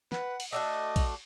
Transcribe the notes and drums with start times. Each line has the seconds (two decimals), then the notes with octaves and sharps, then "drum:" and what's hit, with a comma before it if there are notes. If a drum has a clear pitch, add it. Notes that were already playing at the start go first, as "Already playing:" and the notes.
0.12 B4 F#5, drum: snare
0.40 drum: cymbal
0.53 A3 D4 F#4 D#5 D6
0.96 drum: kick, cymbal